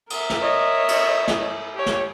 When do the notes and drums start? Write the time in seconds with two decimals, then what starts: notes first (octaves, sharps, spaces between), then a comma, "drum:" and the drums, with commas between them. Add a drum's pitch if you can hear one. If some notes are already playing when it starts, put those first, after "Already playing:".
0.10 A#4 E5, drum: cymbal
0.30 drum: snare
0.41 C#5 D#5
0.88 drum: cymbal
1.28 drum: snare
1.75 G4 C#5
1.86 drum: snare